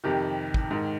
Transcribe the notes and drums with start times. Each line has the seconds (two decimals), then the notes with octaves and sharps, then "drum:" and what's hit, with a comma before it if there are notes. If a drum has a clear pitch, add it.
0.04 F2 C3 D#3 G4
0.54 drum: kick
0.71 G#2 D#3